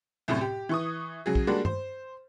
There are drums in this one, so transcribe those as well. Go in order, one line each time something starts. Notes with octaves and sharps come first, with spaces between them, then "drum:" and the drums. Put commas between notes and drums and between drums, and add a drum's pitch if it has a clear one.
C2 F#2 A2
G4
E3 C#6 D#6
C#3 F#3 G#4
drum: kick
G3 G#3 A#3 D4 F#4
C5, drum: tom G2